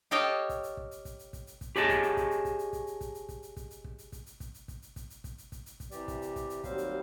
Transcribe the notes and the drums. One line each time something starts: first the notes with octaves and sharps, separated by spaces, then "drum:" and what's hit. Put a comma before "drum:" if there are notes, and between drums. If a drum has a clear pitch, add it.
G4 A4 C#5 D#5 F5 G5
drum: kick, hi-hat
drum: hi-hat
drum: kick
drum: hi-hat
drum: kick, hi-hat
drum: hi-hat
drum: kick, hi-hat
drum: hi-hat
drum: kick, hi-hat
G4 G#4 C#5 D#5 A5, drum: hi-hat
drum: kick, hi-hat
drum: hi-hat
drum: kick, hi-hat
drum: hi-hat
drum: kick, hi-hat
drum: hi-hat
drum: kick, hi-hat
drum: hi-hat
drum: kick, hi-hat
drum: hi-hat
drum: kick, hi-hat
drum: hi-hat
drum: kick, hi-hat
drum: hi-hat
drum: kick
drum: hi-hat
drum: kick, hi-hat
drum: hi-hat
drum: kick, hi-hat
drum: hi-hat
drum: kick, hi-hat
drum: hi-hat
drum: kick, hi-hat
drum: hi-hat
drum: kick, hi-hat
drum: hi-hat
drum: kick, hi-hat
drum: hi-hat
drum: kick, hi-hat
C3 E3 G4 D5, drum: hi-hat
drum: kick, hi-hat
drum: hi-hat
drum: kick, hi-hat
drum: hi-hat
D#2 F#3 G3 C4 C5 F5, drum: kick, hi-hat
drum: hi-hat